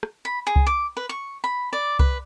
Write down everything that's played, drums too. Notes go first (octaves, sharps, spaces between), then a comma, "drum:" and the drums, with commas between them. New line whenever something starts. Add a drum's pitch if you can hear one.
drum: rim click
B5
G#4
drum: kick C2
D6
B4
C#6
B5
D5
B4, drum: kick C2